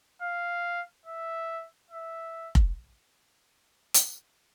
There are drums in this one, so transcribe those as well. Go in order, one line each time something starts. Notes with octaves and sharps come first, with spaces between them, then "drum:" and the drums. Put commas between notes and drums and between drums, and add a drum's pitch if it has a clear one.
F5
E5
E5
drum: kick F1
drum: hi-hat